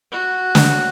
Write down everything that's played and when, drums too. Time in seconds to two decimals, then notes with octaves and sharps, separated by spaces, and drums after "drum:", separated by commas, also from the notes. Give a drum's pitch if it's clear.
0.12 F#4
0.55 drum: snare